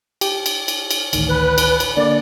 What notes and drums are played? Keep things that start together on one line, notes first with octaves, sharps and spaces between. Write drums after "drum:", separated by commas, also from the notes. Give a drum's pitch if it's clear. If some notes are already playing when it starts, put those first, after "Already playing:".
G4, drum: cymbal
drum: cymbal
drum: cymbal
drum: cymbal
A1 D2 D#3, drum: cymbal
B4
drum: cymbal
drum: cymbal
D3 A#3 D5